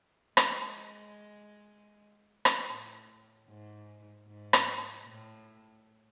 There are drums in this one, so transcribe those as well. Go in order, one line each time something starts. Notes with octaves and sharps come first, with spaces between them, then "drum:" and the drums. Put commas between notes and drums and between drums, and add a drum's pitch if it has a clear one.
G#3, drum: rim click
drum: rim click
A2
G#2
G#2
drum: rim click
A2